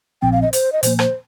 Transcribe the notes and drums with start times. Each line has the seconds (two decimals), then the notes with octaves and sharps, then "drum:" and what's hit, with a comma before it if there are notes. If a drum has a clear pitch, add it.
0.22 A#1 A#2 F3 C4 G5
0.32 F5
0.42 D#5
0.53 C5, drum: hi-hat
0.72 D#5
0.83 A#2 F3 A#3 C5, drum: hi-hat
0.99 C5, drum: rim click